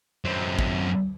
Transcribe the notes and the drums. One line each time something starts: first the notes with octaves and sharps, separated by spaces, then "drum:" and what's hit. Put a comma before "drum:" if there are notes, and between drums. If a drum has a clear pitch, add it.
F#2 C4
drum: kick